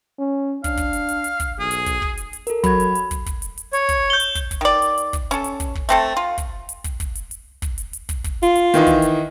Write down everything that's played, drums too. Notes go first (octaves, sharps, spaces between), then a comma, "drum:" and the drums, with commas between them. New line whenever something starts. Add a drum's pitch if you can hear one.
C#4
D4 F5, drum: kick, hi-hat
drum: kick, hi-hat
drum: hi-hat
drum: hi-hat
drum: hi-hat
drum: kick, hi-hat
B1 G#4
drum: hi-hat
drum: kick, hi-hat
drum: kick
drum: hi-hat
drum: hi-hat
A4 A#4, drum: hi-hat
F#3 B5 G#6, drum: kick, hi-hat
drum: hi-hat
drum: hi-hat
drum: kick, hi-hat
drum: kick, hi-hat
drum: hi-hat
drum: hi-hat
C#5, drum: hi-hat
drum: kick, hi-hat
G6 G7
drum: hi-hat
drum: kick, hi-hat
drum: kick, hi-hat
D#3 D5
drum: hi-hat
drum: hi-hat
drum: kick, hi-hat
C#4 A4, drum: hi-hat
drum: hi-hat
drum: kick, hi-hat
drum: kick
A3 C4 A4, drum: hi-hat
F4
drum: kick, hi-hat
drum: hi-hat
drum: kick, hi-hat
drum: kick, hi-hat
drum: hi-hat
drum: hi-hat
drum: kick, hi-hat
drum: hi-hat
drum: hi-hat
drum: kick, hi-hat
drum: kick, hi-hat
F4, drum: hi-hat
drum: hi-hat
D#3 E3 D#4, drum: hi-hat
drum: kick, hi-hat
drum: hi-hat